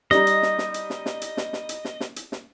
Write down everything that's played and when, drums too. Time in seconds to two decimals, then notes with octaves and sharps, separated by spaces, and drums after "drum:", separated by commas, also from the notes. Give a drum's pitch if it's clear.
0.11 G3 D#4 D#5, drum: snare
0.27 drum: hi-hat
0.43 drum: snare
0.58 drum: snare
0.74 drum: hi-hat
0.90 drum: snare
1.06 drum: snare
1.22 drum: hi-hat
1.37 drum: snare
1.53 drum: snare
1.69 drum: hi-hat
1.85 drum: snare
2.00 drum: snare
2.16 drum: hi-hat
2.32 drum: snare